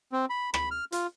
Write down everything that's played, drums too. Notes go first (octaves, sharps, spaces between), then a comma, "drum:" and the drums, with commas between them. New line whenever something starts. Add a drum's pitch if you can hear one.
C4
B5
B5, drum: rim click
F6
F4, drum: hi-hat